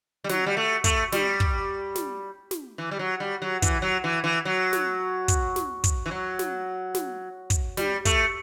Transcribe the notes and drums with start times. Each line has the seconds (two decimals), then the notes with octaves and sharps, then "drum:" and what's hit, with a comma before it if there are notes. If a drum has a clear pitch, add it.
0.24 G3
0.29 F#3, drum: snare
0.46 G3
0.57 A3
0.84 A3, drum: kick, hi-hat
1.12 G3, drum: snare
1.40 drum: kick
1.95 drum: snare
2.51 drum: snare
2.78 E3
2.91 G3
2.99 F#3
3.20 G3
3.42 F#3
3.62 E3, drum: kick, hi-hat
3.82 F#3
4.04 E3
4.24 E3
4.45 F#3
4.73 drum: snare
5.28 drum: kick, hi-hat
5.56 drum: snare
5.84 drum: kick, hi-hat
6.06 E3
6.11 F#3
6.39 drum: snare
6.95 drum: snare
7.50 drum: kick, hi-hat
7.77 G3, drum: snare
8.05 A3, drum: kick, hi-hat